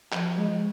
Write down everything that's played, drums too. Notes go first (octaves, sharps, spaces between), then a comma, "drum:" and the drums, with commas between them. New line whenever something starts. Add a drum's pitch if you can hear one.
F3, drum: clap
G#3